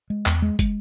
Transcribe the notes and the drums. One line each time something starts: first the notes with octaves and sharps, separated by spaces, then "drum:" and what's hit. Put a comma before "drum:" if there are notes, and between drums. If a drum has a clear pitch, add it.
G#3
E2, drum: clap
G#3
G#3, drum: kick, hi-hat